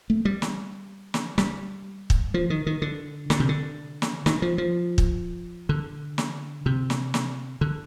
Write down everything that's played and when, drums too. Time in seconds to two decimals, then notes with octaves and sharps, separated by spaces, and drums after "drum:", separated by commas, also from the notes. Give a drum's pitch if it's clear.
0.10 A3
0.25 G3
0.42 drum: snare
1.14 drum: snare
1.38 G3, drum: snare
2.10 drum: kick
2.34 F3
2.50 D#3
2.66 D#3
2.82 D3
3.30 D3, drum: snare
3.40 C3
3.49 D3
4.02 drum: snare
4.26 D#3, drum: snare
4.42 F3
4.58 F3
4.98 drum: kick
5.69 D3
6.18 drum: snare
6.66 C3
6.90 drum: snare
7.14 drum: snare
7.61 D3